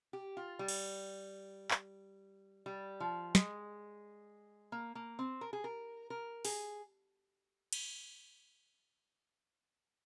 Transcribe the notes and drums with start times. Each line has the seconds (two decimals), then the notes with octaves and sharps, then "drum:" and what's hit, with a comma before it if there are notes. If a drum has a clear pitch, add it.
0.13 G4
0.37 F4
0.59 G3
0.68 drum: cymbal
1.71 drum: clap
2.66 G3
3.00 F3
3.35 G#3, drum: snare
4.72 A#3
4.95 A#3
5.19 C4
5.41 A#4
5.53 G#4
5.64 A#4
6.10 A#4
6.45 G#4, drum: open hi-hat
7.73 drum: cymbal